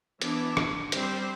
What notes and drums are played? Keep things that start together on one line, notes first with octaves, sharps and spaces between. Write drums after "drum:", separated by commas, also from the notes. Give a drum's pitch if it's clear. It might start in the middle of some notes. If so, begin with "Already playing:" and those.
E3 B3 D4, drum: hi-hat
drum: rim click
G3 C4 C5, drum: hi-hat